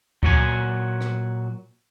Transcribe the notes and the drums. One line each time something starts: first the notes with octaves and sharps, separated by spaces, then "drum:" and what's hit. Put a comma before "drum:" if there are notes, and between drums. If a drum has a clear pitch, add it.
A#2 F#3 F#4 A4 G#5, drum: kick C#2
drum: rim click